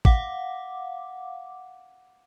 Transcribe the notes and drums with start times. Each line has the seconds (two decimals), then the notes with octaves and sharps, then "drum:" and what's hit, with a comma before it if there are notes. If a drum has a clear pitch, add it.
0.05 F5 F#5 D6, drum: kick